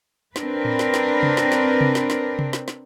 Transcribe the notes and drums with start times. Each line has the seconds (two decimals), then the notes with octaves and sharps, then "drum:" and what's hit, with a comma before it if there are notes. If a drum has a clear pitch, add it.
0.36 C4 D4 A#4 B4, drum: snare
0.65 drum: tom A2
0.79 drum: snare
0.94 drum: snare
1.23 drum: tom C3
1.37 drum: snare
1.52 drum: snare
1.81 drum: tom C3
1.95 drum: snare
2.10 drum: snare
2.39 drum: tom C3
2.53 drum: snare
2.68 drum: snare